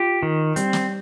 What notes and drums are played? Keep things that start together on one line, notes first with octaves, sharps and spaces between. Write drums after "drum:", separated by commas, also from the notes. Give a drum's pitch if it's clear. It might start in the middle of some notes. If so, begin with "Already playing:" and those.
Already playing: F4 G4
D#3
G3 C4, drum: hi-hat
drum: snare